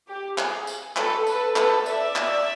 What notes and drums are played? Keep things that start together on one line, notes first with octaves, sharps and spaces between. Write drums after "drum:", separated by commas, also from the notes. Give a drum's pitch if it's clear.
G4
G#4, drum: clap
drum: tambourine
A4 B4, drum: clap
A4 B4, drum: tambourine
A4 B4, drum: clap
D5 E5, drum: tambourine
drum: clap